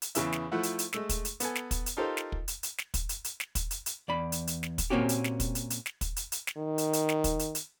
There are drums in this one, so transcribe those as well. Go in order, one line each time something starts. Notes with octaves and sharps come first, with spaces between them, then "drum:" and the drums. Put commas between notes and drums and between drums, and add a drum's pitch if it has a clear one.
drum: hi-hat
E2 C#3 E3 E5, drum: hi-hat
drum: snare
F3 A3 E4 F#5
drum: hi-hat
drum: hi-hat
G#3 A3 E6, drum: snare
drum: kick, hi-hat
drum: hi-hat
B3 A4 G#5, drum: hi-hat
drum: snare
drum: kick, hi-hat
drum: hi-hat
D#4 F4 G4 A4 A#4 C5
drum: snare
drum: kick
drum: hi-hat
drum: hi-hat
drum: snare
drum: kick, hi-hat
drum: hi-hat
drum: hi-hat
drum: snare
drum: kick, hi-hat
drum: hi-hat
drum: hi-hat
E2 D5 B5
drum: hi-hat
drum: hi-hat
drum: snare
drum: kick, hi-hat
A#2 A#3 C4 C#4 F#4 G4
drum: hi-hat
drum: snare
drum: kick, hi-hat
drum: hi-hat
drum: hi-hat
drum: snare
drum: kick, hi-hat
drum: hi-hat
drum: hi-hat
drum: snare
D#3
drum: hi-hat
drum: hi-hat
drum: snare
drum: kick, hi-hat
drum: hi-hat
drum: hi-hat